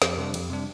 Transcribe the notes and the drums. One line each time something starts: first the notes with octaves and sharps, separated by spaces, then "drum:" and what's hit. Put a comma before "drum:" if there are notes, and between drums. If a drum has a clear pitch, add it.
F2 G4, drum: snare
C3 G3 D4
F2, drum: cymbal
C3 G3 D4